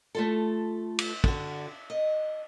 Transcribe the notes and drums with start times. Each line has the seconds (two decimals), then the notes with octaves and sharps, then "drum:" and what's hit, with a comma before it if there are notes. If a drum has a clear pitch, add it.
0.15 A3 F4 A4
0.99 drum: cymbal
1.24 D3 F#4, drum: kick
1.90 D#5